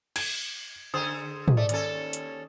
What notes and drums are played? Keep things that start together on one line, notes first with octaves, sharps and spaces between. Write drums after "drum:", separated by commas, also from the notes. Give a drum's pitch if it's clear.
G#6, drum: cymbal
D3 G#4 C5 D#6
drum: tom
A3 D5
D#2 C#4 A4, drum: hi-hat
drum: hi-hat